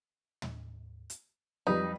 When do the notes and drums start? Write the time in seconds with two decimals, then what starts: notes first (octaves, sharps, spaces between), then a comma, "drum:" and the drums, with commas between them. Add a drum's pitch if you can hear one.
0.42 drum: tom
1.10 drum: hi-hat
1.67 F2 G3 D#4 B4